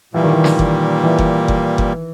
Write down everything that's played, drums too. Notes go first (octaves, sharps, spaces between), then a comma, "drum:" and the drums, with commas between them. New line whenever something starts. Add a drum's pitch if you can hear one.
A#2 E3 G3 A#3
D#3
E3
drum: snare
drum: kick F#1
E3
drum: kick F#1
drum: kick F#1
drum: kick F#1